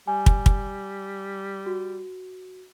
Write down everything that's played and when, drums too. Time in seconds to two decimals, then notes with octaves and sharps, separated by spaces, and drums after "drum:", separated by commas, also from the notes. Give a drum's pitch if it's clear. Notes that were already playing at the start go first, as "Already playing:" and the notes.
0.07 G3 G#5
0.26 drum: kick
0.46 drum: kick
1.66 F#4